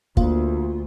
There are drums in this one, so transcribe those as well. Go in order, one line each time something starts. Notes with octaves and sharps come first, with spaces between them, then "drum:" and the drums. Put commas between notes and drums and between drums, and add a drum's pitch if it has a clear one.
D2 A#3 F4, drum: kick